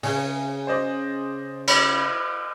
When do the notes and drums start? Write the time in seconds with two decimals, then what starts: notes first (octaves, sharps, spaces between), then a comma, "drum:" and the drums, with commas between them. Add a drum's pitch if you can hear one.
0.03 C#3, drum: open hi-hat
0.67 C5 D5 D#5
1.67 C#5 B5, drum: cymbal